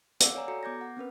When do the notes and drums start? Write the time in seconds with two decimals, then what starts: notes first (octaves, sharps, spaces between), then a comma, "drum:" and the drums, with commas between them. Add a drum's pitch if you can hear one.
0.20 F5 F#5 D6 E6, drum: hi-hat
0.35 C#5 D5 G#5 A#5
0.48 F#4 A4 A#5 C#7
0.63 B3 D6 G6 G#6 A#6
0.81 F#5
0.97 C4 C#4 A#4 B4